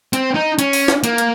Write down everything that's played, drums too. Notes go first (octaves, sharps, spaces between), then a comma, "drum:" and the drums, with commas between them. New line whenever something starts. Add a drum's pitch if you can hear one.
C4, drum: hi-hat
D#4
C#4, drum: hi-hat
drum: open hi-hat
drum: snare
A#3, drum: hi-hat
drum: hi-hat